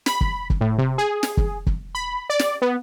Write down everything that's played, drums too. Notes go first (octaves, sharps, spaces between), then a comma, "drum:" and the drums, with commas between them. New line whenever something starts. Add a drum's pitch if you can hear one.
B5, drum: snare
drum: kick
drum: kick
A2
C3
G#4
drum: snare
drum: kick
drum: kick
B5
D5
drum: snare
B3